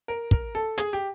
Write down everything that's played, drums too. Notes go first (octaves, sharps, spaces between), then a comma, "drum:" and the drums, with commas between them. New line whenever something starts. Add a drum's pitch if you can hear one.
A#4
A#4, drum: kick
A4
G#4, drum: hi-hat
G4